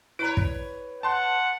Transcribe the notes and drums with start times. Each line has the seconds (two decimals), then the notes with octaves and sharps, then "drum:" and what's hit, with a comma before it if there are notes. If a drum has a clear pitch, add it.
0.19 E4 B4 C#5 A#5 D7
0.37 drum: kick
1.03 F#5 A5 C6